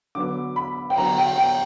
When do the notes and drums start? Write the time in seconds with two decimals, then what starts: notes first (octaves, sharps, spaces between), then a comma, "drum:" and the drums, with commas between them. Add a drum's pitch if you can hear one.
0.15 D3 F#3 B3 D6
0.56 B5
0.90 G5, drum: cymbal
0.97 D3 F#3 B3 A#5
1.18 G5
1.38 G5